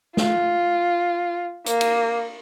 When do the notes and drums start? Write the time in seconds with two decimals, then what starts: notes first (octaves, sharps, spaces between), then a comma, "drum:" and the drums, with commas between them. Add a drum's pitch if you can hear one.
0.17 F4, drum: snare
1.66 A#3, drum: hi-hat
1.81 drum: cymbal